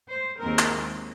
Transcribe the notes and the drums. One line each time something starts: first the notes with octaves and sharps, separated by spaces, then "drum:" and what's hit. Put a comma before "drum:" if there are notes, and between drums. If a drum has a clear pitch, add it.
C5
D#2 D#3 G#3 C4 A#4
drum: clap